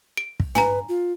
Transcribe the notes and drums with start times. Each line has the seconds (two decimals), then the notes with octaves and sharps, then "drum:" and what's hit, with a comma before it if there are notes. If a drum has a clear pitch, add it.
0.17 D7
0.40 drum: kick
0.55 B4 G#5 A#5, drum: tom
0.89 F4